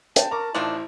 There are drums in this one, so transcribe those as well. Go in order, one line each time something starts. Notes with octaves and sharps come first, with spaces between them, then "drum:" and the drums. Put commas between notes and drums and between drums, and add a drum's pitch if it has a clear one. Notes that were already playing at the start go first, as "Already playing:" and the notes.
G5 A5, drum: hi-hat
A#4 A#5 C#6 D6
A1 D#3 F3 D4 E4 C5